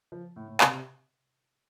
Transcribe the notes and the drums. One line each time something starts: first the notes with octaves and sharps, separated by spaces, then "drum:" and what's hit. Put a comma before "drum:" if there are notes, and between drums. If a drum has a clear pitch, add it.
F3
A2
A2
C3, drum: clap